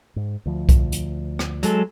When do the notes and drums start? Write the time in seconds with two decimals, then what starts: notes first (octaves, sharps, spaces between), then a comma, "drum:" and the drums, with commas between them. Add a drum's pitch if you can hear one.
0.16 G#2
0.46 D2 F3
0.69 drum: kick B1, hi-hat
0.92 drum: hi-hat
1.39 drum: rim click
1.63 F#3 G#3 A4, drum: hi-hat